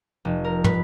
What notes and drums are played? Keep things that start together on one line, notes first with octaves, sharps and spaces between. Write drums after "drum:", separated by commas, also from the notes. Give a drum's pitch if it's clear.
F1
A#4
B4, drum: tom